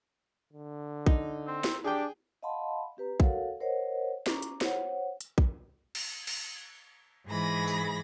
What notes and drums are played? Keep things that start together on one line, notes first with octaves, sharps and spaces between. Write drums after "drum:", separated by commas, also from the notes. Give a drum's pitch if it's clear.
D3
D#4, drum: kick
C4
drum: snare
D4 G4 G#4 G5
D#5 F5 F#5 A5 B5 C6
C4 G4 B4 A#5
F#4 A4 A#4 C#5 F5 F#5, drum: kick
A#4 C5 C#5 D#5 F#5
C#4 A#5 D6, drum: snare
drum: hi-hat
C5 C#5 F#5, drum: snare
drum: hi-hat
drum: kick
drum: cymbal
drum: cymbal
G#2 E3 G#4 B5 A#6
drum: tambourine